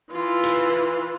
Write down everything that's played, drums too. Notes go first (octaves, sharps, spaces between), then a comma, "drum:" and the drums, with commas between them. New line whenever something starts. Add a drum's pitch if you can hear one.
E3 F4
drum: hi-hat